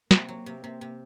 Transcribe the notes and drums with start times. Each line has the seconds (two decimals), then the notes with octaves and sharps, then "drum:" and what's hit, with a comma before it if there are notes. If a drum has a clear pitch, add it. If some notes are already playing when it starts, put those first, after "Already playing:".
0.11 C3 A#3, drum: snare
0.29 F#3
0.46 C3
0.64 C3
0.81 C3